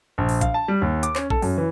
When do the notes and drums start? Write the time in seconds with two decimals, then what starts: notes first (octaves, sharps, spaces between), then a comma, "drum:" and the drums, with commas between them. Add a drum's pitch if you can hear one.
0.18 A#1
0.29 drum: open hi-hat
0.41 F5, drum: kick, hi-hat
0.54 A5
0.68 G3
0.82 D#2
1.03 D6, drum: hi-hat
1.15 C#4, drum: clap
1.30 A4, drum: kick
1.42 F#2, drum: open hi-hat
1.58 E3